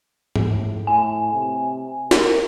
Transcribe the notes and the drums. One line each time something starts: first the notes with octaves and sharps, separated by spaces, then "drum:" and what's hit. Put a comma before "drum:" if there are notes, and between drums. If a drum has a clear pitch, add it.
drum: tom G#2
A2
A2 G#5
C3
A#4, drum: snare